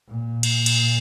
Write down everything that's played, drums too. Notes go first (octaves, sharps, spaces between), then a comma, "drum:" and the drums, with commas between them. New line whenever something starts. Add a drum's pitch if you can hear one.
A#2
drum: cymbal
drum: cymbal